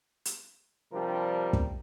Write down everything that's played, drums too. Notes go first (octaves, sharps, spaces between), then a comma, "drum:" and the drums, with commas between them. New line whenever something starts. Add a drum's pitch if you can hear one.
drum: hi-hat
C3 F3 G3 D4 A#4
drum: kick